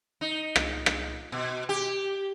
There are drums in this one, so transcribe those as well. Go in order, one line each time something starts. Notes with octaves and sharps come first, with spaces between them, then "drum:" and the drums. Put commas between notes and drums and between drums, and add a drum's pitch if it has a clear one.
D#4
drum: rim click
drum: rim click
B2
G4